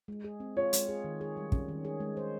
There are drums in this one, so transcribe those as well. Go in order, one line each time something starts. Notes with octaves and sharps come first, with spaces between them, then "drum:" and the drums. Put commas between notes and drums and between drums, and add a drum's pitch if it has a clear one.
G#3
G#4
C4
F4 C#5
G#3, drum: hi-hat
G#4
D#3
G#4
G3
C#4, drum: kick
D#3
G#4
G#3
C5